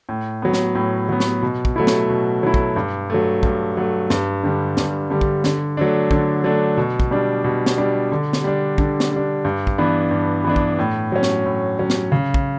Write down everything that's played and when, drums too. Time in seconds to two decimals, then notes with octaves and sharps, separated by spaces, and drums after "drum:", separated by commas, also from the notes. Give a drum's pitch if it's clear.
0.09 A2
0.42 F#3 B3
0.53 drum: snare
0.75 A2
1.09 F#3 B3
1.20 drum: snare
1.42 B2
1.65 drum: kick
1.76 F#3 A3 E4
1.87 drum: snare
2.10 B2
2.43 F#3 A3 E4
2.54 drum: kick
2.76 G2
3.10 F#3 A3
3.43 G2, drum: kick
3.77 F#3 A3
4.10 G2, drum: snare
4.43 D3 G3
4.77 G2, drum: snare
5.10 D3 G3
5.21 drum: kick
5.44 D3, drum: snare
5.77 F#3 A3 D4
6.11 D3, drum: kick
6.44 F#3 A3 D4
6.77 B2
7.00 drum: kick
7.11 G3 D4
7.44 B2
7.66 drum: snare
7.78 G3 D4
8.12 D3
8.33 drum: snare
8.44 G3 D4
8.78 D3, drum: kick
9.00 drum: snare
9.11 G3
9.16 D4
9.45 G2
9.67 drum: kick
9.78 E3 B3 D4
10.11 G2
10.44 E3 B3 D4
10.56 drum: kick
10.79 A2
11.12 F#3 C#4
11.23 drum: snare
11.46 A2
11.79 F#3 C#4
11.90 drum: snare
12.12 C#3
12.34 drum: kick